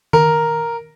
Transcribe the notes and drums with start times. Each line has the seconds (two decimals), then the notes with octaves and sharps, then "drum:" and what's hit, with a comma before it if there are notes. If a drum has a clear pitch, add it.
0.13 A#4, drum: tom D#3